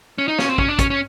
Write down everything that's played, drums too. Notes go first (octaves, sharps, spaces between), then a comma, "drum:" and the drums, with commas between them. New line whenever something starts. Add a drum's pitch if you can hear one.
C#4
D#4
C#4, drum: snare
C4
C#4, drum: kick
D4
C#4, drum: kick, hi-hat
C#4